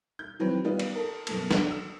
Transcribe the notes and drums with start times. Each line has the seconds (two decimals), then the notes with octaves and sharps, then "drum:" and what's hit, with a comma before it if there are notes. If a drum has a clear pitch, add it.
0.19 G6
0.39 D#3 E3 F#3 C4 B4
0.64 G3 B3 D#4 F4
0.79 drum: cymbal
0.96 A4 A#4
1.27 F#1 B2 A4, drum: cymbal
1.51 drum: snare
1.71 E6